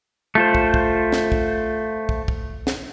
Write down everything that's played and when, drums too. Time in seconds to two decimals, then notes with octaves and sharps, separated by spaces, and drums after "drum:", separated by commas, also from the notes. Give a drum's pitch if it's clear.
0.35 A3 F4 C5
0.55 drum: kick
0.74 drum: kick
1.12 drum: snare
1.32 drum: kick
2.09 drum: kick
2.28 drum: kick
2.67 drum: snare